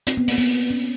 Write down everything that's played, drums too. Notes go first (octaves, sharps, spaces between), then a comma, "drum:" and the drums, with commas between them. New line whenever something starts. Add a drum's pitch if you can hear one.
C4, drum: hi-hat
B3
A#3, drum: open hi-hat
B3
C#4